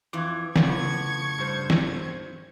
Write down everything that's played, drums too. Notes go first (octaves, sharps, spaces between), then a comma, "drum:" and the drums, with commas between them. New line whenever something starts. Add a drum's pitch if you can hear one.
F2 E3 D6 G#6
F2 A2 C#3 B3 C#6 G#6, drum: snare
G2 C5 G6
drum: snare